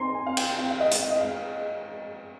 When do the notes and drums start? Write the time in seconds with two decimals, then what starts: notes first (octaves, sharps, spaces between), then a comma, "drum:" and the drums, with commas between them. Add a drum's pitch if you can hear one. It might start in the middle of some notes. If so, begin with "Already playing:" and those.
Already playing: C4 D#4 G#5 A#5 C6
0.15 G#5
0.25 C4 F5
0.37 G5, drum: cymbal
0.58 C4 F5
0.71 F5
0.80 D#5
0.91 G#3, drum: hi-hat
1.02 F5
1.11 D#5
1.21 G#3 F5